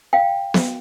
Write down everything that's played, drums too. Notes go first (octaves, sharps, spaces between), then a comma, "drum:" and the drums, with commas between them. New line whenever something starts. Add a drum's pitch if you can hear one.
F5 G5
drum: snare B3